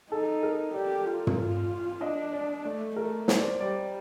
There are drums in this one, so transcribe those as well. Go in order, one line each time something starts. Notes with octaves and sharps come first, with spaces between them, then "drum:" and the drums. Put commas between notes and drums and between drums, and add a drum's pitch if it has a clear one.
D#4 A4
A#4
G4 D5
F4
drum: tom
F4
D4 D#5
D5
A3 D5
A3 A#4
C5, drum: snare
D5
C5
G3 D5